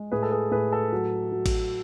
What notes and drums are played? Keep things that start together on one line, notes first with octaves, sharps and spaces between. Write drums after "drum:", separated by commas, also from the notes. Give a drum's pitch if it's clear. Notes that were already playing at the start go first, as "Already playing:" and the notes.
Already playing: G#3
A2 G#4 B4
A4
G#4 B4
A2 G#4 B4
A4
F#3
F#3
drum: kick A1, cymbal